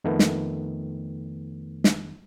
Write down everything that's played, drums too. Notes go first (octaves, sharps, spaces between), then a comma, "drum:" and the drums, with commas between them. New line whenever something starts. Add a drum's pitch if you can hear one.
F2 D#3 A3 B3
drum: snare
drum: snare